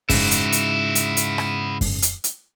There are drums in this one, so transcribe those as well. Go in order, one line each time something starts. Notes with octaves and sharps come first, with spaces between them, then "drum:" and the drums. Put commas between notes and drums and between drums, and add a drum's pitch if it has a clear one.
G#2 C#3 E4 F#4, drum: kick F#2, open hi-hat
drum: hi-hat
drum: hi-hat
drum: hi-hat
drum: hi-hat
drum: rim click
drum: kick F#2, open hi-hat
drum: hi-hat
drum: hi-hat